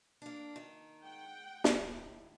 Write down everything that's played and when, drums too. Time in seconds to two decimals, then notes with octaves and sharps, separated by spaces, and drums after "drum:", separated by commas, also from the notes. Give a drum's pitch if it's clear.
0.22 A#3 D4
0.56 D#3
1.01 G#3 F#5 G5
1.64 D#2 A2, drum: snare